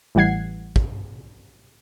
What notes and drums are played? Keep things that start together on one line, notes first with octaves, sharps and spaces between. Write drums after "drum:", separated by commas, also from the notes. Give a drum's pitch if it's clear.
A1 E3 G3 F#5 G#6 C7
drum: kick